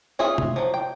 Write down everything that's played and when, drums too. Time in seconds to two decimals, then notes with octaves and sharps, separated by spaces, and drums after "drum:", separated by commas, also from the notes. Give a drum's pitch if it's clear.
0.19 C#4 F4 G#4 E5
0.38 drum: tom
0.56 F3 F#3
0.74 G5